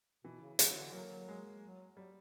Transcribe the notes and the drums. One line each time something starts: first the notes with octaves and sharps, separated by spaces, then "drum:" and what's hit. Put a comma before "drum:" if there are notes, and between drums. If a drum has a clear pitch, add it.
B2 E3
C#3
C#3 F#3, drum: hi-hat
D3
F#3 A#3
G#3
F#3
F#3 G3